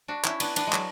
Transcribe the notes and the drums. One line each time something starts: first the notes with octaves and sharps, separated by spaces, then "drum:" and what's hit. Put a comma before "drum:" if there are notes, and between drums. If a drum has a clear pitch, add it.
D4 F#4
C#4 E4, drum: clap
B3 D4, drum: cymbal
B3 D4, drum: cymbal
G#3
F#3, drum: clap